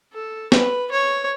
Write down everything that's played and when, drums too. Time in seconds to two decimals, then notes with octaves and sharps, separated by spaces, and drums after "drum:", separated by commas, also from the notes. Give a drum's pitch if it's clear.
0.13 A4
0.52 B4, drum: snare
0.91 C#5